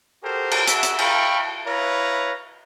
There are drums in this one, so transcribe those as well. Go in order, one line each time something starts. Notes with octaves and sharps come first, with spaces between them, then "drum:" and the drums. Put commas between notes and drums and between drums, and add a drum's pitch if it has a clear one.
F#4 G4 A4 A#4 C5
drum: cymbal
F#4 G#4 E5, drum: hi-hat
drum: hi-hat
E5 F5 G5 B5 C#6, drum: cymbal
E4 B4 C#5 F5 A#5